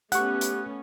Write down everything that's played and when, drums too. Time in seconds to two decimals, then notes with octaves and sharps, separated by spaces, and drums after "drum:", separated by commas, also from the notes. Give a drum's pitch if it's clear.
0.12 A3 B3 C#4 G4 F#5 C#6 F#6, drum: hi-hat
0.41 drum: hi-hat